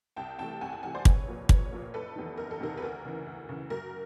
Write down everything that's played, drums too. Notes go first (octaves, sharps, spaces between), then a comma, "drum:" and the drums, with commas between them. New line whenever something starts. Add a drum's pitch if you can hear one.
C2 G5 A5
C3 E3 A3 G5 A5
C2 F#5 G#5
F#5 G#5
C3 E3 A3 F#5 G#5
C5 D5
A#1 B4 C#5, drum: kick
A#2 F3 A#3
A#1 B4 C#5, drum: kick
A#2 F3 A#3
F#1 A4 B4
E2 C3 D#3
F#1 A#4
A4
E2 C3 D#3 A#4
B4
D2 A#4
C#3 E3
D2
C#3 E3
F#2 A#4